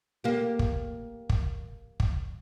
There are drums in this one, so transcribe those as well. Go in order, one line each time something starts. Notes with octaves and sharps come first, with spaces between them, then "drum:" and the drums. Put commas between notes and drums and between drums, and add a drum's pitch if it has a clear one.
A#3 G4
drum: kick
drum: kick
drum: kick